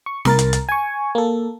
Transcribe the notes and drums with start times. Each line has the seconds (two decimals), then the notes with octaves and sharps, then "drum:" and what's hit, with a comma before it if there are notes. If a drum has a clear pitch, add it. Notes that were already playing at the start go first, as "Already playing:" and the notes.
0.06 C#6
0.25 C2 A#4 A6, drum: snare
0.39 drum: hi-hat
0.53 drum: hi-hat
0.69 G#5 C#6
1.15 A#3 A4